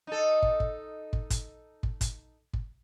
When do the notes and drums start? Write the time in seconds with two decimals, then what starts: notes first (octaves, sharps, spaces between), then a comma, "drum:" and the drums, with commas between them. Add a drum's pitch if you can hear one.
0.07 D#4 A4
0.42 drum: kick
0.60 drum: kick
1.13 drum: kick
1.30 drum: kick, hi-hat
1.83 drum: kick
2.01 drum: kick, hi-hat
2.53 drum: kick